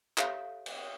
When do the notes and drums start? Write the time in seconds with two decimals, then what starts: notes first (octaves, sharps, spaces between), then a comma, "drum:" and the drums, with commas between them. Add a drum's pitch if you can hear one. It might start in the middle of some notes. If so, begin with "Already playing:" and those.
0.18 G4 A4 C#5 E5 F5, drum: clap
0.66 drum: cymbal